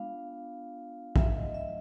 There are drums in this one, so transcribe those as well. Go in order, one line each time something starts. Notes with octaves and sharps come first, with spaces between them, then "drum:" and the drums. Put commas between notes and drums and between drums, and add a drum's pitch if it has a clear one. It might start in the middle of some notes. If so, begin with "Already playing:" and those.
Already playing: G#3 B3 D4 F4 F5
F#3 A3 D4 E5, drum: kick
D#5
E5